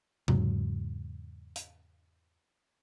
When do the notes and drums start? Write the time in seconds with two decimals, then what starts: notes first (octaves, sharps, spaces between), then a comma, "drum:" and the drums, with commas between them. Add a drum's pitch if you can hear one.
0.28 E2 G#2 C#3 F#3, drum: tom C3
1.56 drum: hi-hat